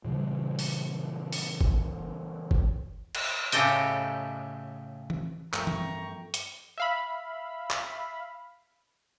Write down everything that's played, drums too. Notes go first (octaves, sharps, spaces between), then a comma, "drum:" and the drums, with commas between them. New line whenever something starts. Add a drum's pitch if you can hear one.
A#2 C#3 E3 G3
drum: open hi-hat
drum: open hi-hat
drum: kick
drum: kick
drum: cymbal
A2 C#3 G4 A4 D#5 G5, drum: hi-hat
drum: tom E3
G2 F3 A3 A#3 E4 G5 A#5 C#6, drum: clap
drum: tom E3
drum: hi-hat
E5 F5 B5
drum: clap